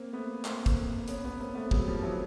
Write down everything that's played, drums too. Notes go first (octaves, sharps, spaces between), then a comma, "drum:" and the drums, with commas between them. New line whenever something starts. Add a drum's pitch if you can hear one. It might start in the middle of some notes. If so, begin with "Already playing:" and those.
Already playing: A#3 C4
A3 B3
A#3 C4, drum: clap
drum: kick, hi-hat
B3 C#4, drum: hi-hat
B3 C#4
A#3 C4
A3 B3
F#3 G#3, drum: kick
F3 G3
E3 F#3